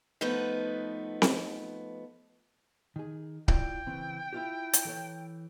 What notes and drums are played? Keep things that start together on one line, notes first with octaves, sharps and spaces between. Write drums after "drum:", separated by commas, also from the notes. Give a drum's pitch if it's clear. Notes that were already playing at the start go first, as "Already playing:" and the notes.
F3 A3 B3 D#4 B4
drum: snare C4
D#3 G#4
E4 F4 D5 G5, drum: kick C#1
C#3 E3 C4
E4 F4 G4
drum: hi-hat
E3 A4 C#5